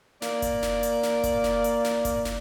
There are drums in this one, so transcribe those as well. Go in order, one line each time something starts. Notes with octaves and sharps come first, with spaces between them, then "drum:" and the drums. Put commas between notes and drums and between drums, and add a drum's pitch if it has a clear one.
A#3 D5, drum: snare
drum: kick F#1, hi-hat
drum: snare
drum: hi-hat
drum: snare
drum: kick F#1, hi-hat
drum: snare
drum: hi-hat
drum: snare
drum: kick F#1, hi-hat
drum: snare